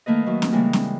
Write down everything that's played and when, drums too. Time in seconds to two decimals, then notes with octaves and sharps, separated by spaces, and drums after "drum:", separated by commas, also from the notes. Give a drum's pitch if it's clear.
0.06 D#3 A3 A#3 B4 D#5
0.26 D#3 F#3 A3
0.42 drum: snare C4
0.52 C#3 E3 G3 G#3 A#3
0.73 drum: snare C4